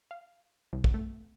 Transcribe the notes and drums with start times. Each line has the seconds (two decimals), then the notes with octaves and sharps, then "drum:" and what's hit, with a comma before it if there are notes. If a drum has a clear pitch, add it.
0.11 F5
0.73 C2
0.84 drum: kick
0.94 A3